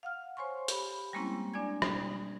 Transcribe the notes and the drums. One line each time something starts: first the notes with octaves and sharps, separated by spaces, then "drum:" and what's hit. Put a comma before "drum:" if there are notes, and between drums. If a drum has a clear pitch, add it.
F5 F#5 F6
C5 C#5 G#5 C6 C#6
G4 B5, drum: hi-hat
G3 G#3 A#3 C4 C#4 E4
D4 D5 G#5 G#6
B2 G3, drum: rim click